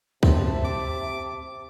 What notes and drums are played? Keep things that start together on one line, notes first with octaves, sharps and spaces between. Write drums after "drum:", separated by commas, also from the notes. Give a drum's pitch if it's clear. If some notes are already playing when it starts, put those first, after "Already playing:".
C3 C4 A4 E5 A5, drum: kick C#2
D6